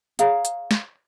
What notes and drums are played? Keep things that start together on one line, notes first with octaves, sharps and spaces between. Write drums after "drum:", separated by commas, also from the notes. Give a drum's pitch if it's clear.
G#4 C#5 F5 A#5, drum: hi-hat
drum: hi-hat
drum: snare